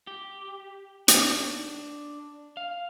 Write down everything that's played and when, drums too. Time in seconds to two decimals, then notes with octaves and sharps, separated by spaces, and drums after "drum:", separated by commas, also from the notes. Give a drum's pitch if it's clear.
0.07 G4
1.08 D4, drum: hi-hat
2.57 F5